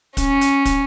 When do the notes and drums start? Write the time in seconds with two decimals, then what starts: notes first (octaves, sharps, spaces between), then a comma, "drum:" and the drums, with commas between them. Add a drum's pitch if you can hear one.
0.17 C#4, drum: kick, hi-hat
0.41 drum: hi-hat
0.65 drum: kick, hi-hat